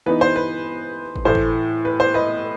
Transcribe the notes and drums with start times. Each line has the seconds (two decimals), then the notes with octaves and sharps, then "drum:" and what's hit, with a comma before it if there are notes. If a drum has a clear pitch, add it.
0.06 E3 B3 D#4 B4
0.21 C5
0.36 B4
1.16 drum: kick
1.25 A2 E3 A3 C5
1.35 drum: kick
1.85 B4
2.00 C5
2.14 B4 D#5